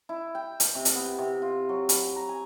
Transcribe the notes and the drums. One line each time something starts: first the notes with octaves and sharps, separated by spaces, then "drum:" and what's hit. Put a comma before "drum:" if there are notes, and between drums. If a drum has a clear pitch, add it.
E4
G5
drum: hi-hat
C3
drum: hi-hat
B3
C3
F4
F#3
B5, drum: hi-hat
A#5
G#5